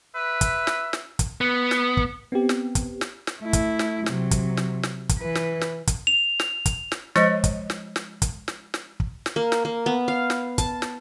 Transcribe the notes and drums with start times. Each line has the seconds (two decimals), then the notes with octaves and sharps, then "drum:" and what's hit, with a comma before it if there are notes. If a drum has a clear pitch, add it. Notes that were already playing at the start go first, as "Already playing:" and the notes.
0.15 B4 E5
0.41 drum: kick, hi-hat
0.67 drum: snare
0.93 drum: snare
1.19 drum: kick, hi-hat
1.41 B3
1.71 drum: snare
1.97 drum: kick
2.32 B3 C4 G4
2.49 drum: snare
2.75 drum: kick, hi-hat
3.01 drum: snare
3.27 drum: snare
3.41 A3 E4
3.53 drum: kick, hi-hat
3.79 drum: snare
4.06 C3 F#3, drum: snare
4.31 drum: kick, hi-hat
4.57 drum: snare
4.83 drum: snare
5.09 drum: kick, hi-hat
5.19 E3 B4
5.35 drum: snare
5.61 drum: snare
5.87 drum: kick, hi-hat
6.07 F7
6.40 drum: snare
6.66 drum: kick, hi-hat
6.92 drum: snare
7.16 F3 G#3 C5 D#5, drum: snare
7.44 drum: kick, hi-hat
7.70 drum: snare
7.96 drum: snare
8.22 drum: kick, hi-hat
8.48 drum: snare
8.74 drum: snare
9.00 drum: kick
9.26 drum: snare
9.36 A#3
9.52 drum: snare
9.65 A#3
9.86 B3
10.08 F5
10.30 drum: snare
10.58 A5, drum: kick, hi-hat
10.82 drum: snare